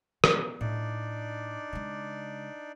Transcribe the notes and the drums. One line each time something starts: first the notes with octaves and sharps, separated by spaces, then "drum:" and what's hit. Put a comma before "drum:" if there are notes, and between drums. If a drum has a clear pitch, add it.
B3, drum: rim click
A2 D4 D#4 D5
C#3 G#3